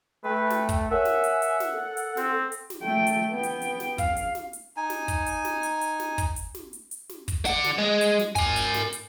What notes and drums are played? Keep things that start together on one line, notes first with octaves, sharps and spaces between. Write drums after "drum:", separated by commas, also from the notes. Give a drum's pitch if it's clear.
A3 B4 G5
drum: snare
drum: kick, hi-hat
A#4 C#5 E5 F#5 G#5
drum: snare
drum: hi-hat
drum: hi-hat
drum: snare
A4
drum: hi-hat
C4, drum: snare
drum: hi-hat
drum: snare
A3 G5
drum: hi-hat
B3 G5
drum: hi-hat
drum: hi-hat
drum: snare
F5, drum: kick, hi-hat
drum: hi-hat
drum: snare
drum: hi-hat
D#4 G#5
drum: snare
drum: kick, hi-hat
drum: hi-hat
drum: snare
drum: hi-hat
drum: hi-hat
drum: snare
drum: kick, hi-hat
drum: hi-hat
drum: snare
drum: hi-hat
drum: hi-hat
drum: snare
drum: kick, hi-hat
D4 F#5, drum: hi-hat
drum: snare
G#3
drum: hi-hat
drum: snare
A#4 G#5, drum: kick, hi-hat
drum: hi-hat
drum: snare
drum: hi-hat